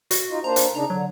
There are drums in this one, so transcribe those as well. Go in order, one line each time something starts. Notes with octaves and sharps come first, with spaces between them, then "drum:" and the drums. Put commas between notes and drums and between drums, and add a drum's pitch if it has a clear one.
F#4, drum: hi-hat
D#4 F4
A#3 D4 C5 A#5
drum: hi-hat
C#3 D4 D#4 A#5
D3 F#3